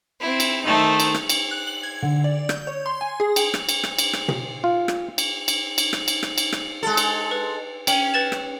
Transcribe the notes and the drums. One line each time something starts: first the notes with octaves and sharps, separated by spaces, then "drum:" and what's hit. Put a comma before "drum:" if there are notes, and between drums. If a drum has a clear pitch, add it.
C4 E4
drum: cymbal
D#3 A3 D#4 C5 E5
drum: cymbal
drum: rim click
drum: cymbal
F#6
F#7
G#6
D3
D5
G6, drum: rim click
C#5
C6
G#5
G#4
G5, drum: cymbal
drum: rim click
drum: cymbal
drum: rim click
drum: cymbal
drum: rim click
drum: tom
F4
drum: rim click
drum: cymbal
drum: cymbal
drum: cymbal
drum: rim click
drum: cymbal
drum: rim click
drum: cymbal
drum: rim click
G#3 A4
drum: cymbal
B4
C#4 G5 F#7, drum: cymbal
B4 A6 E7
drum: rim click